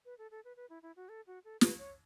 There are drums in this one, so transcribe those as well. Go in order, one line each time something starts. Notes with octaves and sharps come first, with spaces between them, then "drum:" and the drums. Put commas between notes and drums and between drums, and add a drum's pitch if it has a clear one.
B4
A4
A4
B4
B4
E4
E4
F#4
A4
F#4
A4
B4, drum: snare
C#5